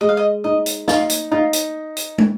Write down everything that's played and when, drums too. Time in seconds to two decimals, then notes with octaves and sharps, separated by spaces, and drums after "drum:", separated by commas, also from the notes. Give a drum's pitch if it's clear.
0.01 G#3 D#5
0.09 F5
0.17 D#5
0.44 D#4 D#5
0.66 drum: hi-hat
0.88 D#4 F4, drum: snare
1.10 drum: hi-hat
1.32 D#4 F4
1.53 drum: hi-hat
1.97 drum: hi-hat
2.18 drum: tom